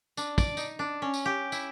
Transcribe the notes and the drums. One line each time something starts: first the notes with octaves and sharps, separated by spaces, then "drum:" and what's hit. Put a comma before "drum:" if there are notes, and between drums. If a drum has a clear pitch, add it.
D4, drum: tambourine
D5, drum: kick, tambourine
D#4, drum: tambourine
D4
C#4
drum: tambourine
G4
E4, drum: tambourine